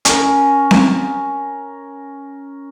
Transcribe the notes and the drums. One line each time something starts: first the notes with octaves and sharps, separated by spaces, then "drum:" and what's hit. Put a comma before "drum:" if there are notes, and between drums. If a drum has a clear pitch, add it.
C#4 A#4, drum: hi-hat
drum: snare C4